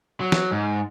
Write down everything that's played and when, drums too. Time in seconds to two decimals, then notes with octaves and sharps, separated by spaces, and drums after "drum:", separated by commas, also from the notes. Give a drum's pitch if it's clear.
0.21 F#3
0.32 drum: snare
0.52 G#2